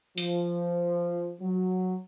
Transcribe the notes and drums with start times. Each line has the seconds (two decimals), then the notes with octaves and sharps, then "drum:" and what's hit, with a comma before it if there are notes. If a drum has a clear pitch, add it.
0.18 F3, drum: open hi-hat
1.41 F#3